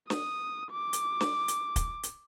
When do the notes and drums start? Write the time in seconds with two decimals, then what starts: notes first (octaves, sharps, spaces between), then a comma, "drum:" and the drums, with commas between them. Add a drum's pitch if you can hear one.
0.10 D#6, drum: snare
0.72 D6
0.93 drum: hi-hat
1.21 drum: snare
1.48 drum: hi-hat
1.76 drum: kick, hi-hat
2.03 drum: hi-hat